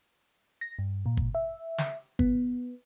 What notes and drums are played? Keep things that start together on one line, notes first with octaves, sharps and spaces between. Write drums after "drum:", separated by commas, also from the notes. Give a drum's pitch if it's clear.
A#6
G2
A#2
drum: kick G1
E5
drum: snare
B3, drum: kick G1